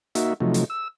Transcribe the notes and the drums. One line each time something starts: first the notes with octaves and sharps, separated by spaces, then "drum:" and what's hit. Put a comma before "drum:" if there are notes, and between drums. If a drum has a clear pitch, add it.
A#3 D#4 F#4 E5, drum: hi-hat
C3 F3 F#3 A3 D#4
drum: hi-hat
E6